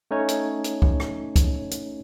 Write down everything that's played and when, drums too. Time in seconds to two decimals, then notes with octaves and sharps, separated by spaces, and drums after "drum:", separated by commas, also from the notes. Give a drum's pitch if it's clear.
0.11 A3 C#4 D#4 C#5
0.28 drum: hi-hat
0.64 drum: hi-hat
0.82 drum: kick
1.00 drum: rim click
1.36 drum: kick, hi-hat
1.71 drum: hi-hat